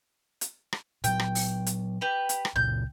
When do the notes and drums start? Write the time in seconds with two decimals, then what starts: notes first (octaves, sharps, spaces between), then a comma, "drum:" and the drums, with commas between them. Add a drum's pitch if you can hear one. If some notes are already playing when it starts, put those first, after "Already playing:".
0.41 drum: hi-hat
0.73 drum: rim click
1.04 A#2 F#3 G5, drum: hi-hat
1.20 drum: rim click
1.35 drum: open hi-hat
1.66 drum: hi-hat
2.01 G4 B4
2.29 drum: hi-hat
2.45 drum: rim click
2.56 C#2 A#2 C#3 G6